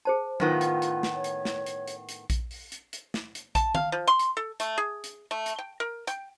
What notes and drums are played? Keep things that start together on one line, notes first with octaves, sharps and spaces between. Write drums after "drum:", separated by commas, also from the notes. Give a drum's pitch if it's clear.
G#4 C5 A5
A2 D#3 B3 F4, drum: tom
drum: hi-hat
drum: hi-hat
drum: snare
C#5
drum: hi-hat
drum: snare
drum: hi-hat
drum: hi-hat
drum: hi-hat
drum: kick A#1, hi-hat
drum: open hi-hat
drum: hi-hat
drum: hi-hat
drum: snare
drum: hi-hat
A5, drum: kick A#1, hi-hat
F5, drum: tom
F3
C6
drum: hi-hat
A4
A3, drum: hi-hat
G#4
drum: hi-hat
A3
drum: hi-hat
G5
A#4
G5, drum: hi-hat